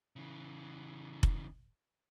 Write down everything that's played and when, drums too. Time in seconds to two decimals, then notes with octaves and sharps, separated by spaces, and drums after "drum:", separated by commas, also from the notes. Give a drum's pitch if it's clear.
0.16 C#3 E3
1.23 drum: kick F1